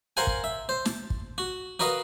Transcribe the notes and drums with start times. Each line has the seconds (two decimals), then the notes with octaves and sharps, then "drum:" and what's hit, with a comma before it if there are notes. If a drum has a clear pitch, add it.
0.17 A#4 C5 F5 F#5 G#5
0.27 drum: kick
0.44 E5
0.69 C5
0.86 A5, drum: snare
1.10 drum: kick
1.38 F#4
1.80 F#4 A#4 B4 D#5 F5